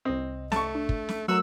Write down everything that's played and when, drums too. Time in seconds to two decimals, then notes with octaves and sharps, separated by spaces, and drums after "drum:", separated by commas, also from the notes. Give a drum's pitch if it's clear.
0.05 C2 C4 D#5
0.52 A3 A5 C#6, drum: snare
0.75 D4
0.89 drum: kick
1.09 drum: snare
1.28 F#3 A3 F#4 A#4 E6